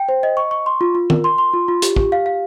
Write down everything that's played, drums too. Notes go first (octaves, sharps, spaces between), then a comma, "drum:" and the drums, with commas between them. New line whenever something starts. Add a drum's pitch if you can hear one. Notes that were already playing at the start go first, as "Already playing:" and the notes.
Already playing: G5
C5
D#5
C#6
C#6
C6
F4
F4
A#4, drum: tom
C6
C6
F4
F4
G4, drum: hi-hat
G4, drum: kick
F5
F5